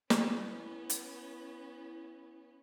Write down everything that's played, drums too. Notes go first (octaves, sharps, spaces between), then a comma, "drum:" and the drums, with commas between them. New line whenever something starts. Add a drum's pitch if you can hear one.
B3 C#4 E4, drum: snare
drum: hi-hat